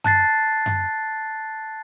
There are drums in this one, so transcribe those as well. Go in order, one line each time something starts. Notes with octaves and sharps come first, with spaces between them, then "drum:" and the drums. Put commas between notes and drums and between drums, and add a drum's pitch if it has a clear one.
A5 F#6 A6 C7, drum: tom F#2
drum: tom F#2